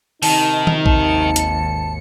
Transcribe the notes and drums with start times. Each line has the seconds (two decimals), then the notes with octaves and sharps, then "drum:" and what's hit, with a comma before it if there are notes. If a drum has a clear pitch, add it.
0.23 C3 D#3 D#4 A5, drum: open hi-hat
0.67 drum: tom D#3
0.86 G#1 D#2 A5 C#7, drum: kick A#1
1.36 drum: hi-hat